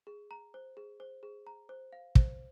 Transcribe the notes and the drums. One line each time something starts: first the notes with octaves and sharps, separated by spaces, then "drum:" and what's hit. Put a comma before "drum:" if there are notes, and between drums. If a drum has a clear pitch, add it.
G#4
A#5
C5
G#4
C5
G#4
A#5
C5
F5
C5, drum: kick